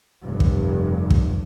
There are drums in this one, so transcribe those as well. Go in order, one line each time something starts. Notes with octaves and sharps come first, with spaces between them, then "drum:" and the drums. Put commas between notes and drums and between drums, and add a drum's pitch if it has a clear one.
F1 G2
drum: kick
drum: kick